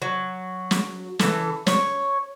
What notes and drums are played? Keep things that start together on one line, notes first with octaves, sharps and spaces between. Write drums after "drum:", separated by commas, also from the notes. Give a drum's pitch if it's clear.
F#3
drum: snare
E3 A4, drum: snare
C#5, drum: snare